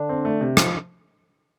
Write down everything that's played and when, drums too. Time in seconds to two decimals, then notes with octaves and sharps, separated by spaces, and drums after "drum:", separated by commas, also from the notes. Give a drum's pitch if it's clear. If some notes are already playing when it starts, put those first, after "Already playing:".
Already playing: D3 D4
0.09 C4
0.25 A3
0.41 C3
0.57 F3, drum: rim click